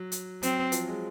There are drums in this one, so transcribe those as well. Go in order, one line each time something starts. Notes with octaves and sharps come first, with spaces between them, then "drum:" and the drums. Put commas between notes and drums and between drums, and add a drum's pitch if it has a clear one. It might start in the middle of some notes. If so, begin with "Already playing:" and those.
Already playing: F#3
drum: hi-hat
F#3 C4, drum: hi-hat
F3, drum: hi-hat
G#3